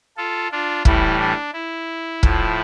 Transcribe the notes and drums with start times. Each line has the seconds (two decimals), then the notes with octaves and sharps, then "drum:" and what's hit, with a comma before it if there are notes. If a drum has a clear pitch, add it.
0.17 F4 A4
0.52 D4 F4
0.85 A2 E3 G3 E4, drum: kick
1.20 D4
1.54 E4
2.23 A2 F3, drum: kick